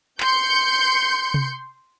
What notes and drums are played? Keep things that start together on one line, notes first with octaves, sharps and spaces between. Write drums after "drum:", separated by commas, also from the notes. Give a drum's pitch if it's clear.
C6 G6 C#7, drum: clap
drum: tom C3